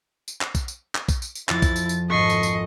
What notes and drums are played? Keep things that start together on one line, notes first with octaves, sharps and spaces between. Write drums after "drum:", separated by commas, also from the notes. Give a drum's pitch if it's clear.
drum: tambourine
drum: clap
drum: kick, tambourine
drum: tambourine
drum: clap
drum: kick, tambourine
drum: tambourine
drum: tambourine
F2 F3 E4 A6, drum: clap
drum: kick, tambourine
drum: tambourine
drum: tambourine
G#1 F4 A4 D#5 C#6 C7
drum: tambourine
drum: tambourine